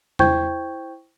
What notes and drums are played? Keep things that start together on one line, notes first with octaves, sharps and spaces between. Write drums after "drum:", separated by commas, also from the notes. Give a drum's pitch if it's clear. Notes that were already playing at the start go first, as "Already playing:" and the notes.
E4 C5 G5 C#6 G6 G#6, drum: tom E2